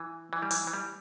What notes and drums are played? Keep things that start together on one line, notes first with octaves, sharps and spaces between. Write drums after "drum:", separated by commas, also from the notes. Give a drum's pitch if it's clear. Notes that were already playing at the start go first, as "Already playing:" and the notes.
Already playing: E3
E3
G3
E3, drum: open hi-hat
E3
G3